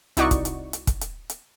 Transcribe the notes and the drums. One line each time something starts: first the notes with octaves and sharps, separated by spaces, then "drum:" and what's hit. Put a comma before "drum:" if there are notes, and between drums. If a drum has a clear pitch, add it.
C2 D#4 E4 F#4 D5 C#6, drum: hi-hat
drum: kick, hi-hat
drum: hi-hat
drum: hi-hat
drum: kick, hi-hat
drum: hi-hat
drum: hi-hat